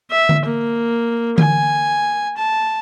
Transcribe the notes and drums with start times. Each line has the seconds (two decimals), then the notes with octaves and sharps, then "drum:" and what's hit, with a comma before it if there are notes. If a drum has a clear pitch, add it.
0.10 E5
0.29 drum: tom D3
0.45 A#3
1.38 G#5, drum: tom D3
2.37 A5